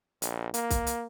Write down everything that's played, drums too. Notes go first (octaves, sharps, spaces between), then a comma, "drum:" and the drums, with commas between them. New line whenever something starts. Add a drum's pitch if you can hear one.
A#1, drum: hi-hat
A#3, drum: hi-hat
drum: kick C2, hi-hat
drum: hi-hat